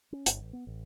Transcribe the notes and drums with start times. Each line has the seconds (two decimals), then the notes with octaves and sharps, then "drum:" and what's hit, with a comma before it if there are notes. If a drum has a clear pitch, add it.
0.12 C#4
0.26 G1, drum: hi-hat
0.41 A1
0.53 B3
0.67 A1